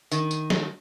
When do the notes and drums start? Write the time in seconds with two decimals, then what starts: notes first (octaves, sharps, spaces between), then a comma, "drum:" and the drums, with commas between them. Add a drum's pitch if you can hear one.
0.11 D#3, drum: tambourine
0.31 drum: tambourine
0.50 drum: snare